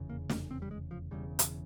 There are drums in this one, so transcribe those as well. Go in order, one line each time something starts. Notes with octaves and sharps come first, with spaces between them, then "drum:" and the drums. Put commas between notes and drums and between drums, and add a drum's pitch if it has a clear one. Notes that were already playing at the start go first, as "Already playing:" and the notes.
Already playing: F1 E2 C#3
A#3
C#4, drum: snare
C4
G3
G#3
F3
E1 E2 C#3 G3
drum: hi-hat